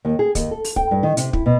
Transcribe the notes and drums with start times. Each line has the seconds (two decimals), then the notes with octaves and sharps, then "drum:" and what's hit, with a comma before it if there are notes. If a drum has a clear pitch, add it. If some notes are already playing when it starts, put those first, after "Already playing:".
0.05 D#2
0.19 G#4
0.35 D#2, drum: kick, hi-hat
0.51 A4
0.64 drum: open hi-hat
0.76 G5, drum: kick
0.91 G2
1.03 D#3
1.17 C3, drum: hi-hat
1.33 E4, drum: kick
1.46 B2